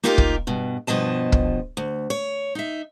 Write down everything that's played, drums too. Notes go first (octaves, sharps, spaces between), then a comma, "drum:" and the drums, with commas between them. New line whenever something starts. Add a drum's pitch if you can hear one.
A#3 D#4 F4 G4 G#4 A#4
drum: kick
G2 B2
G2 B2 F3 D#5 A5
drum: kick
D2
C#5
D#4 E5